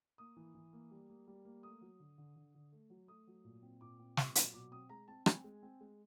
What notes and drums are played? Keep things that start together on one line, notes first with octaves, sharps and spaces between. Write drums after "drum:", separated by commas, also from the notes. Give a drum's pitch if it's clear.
A#3 D#6
E3
E3
A#3
G3
A#3
G3
A#3
A3 D#6
F#3
D3
D3
D3
D3
A3
F#3
A3 D#6
F#3
A#2
C4
A#2 D6
C4
A#2, drum: snare
F#3, drum: hi-hat
B2 D6
C4 D#6
G#3 A#5
C4 A5
C4 G#5, drum: rim click
G#3
C4
G#3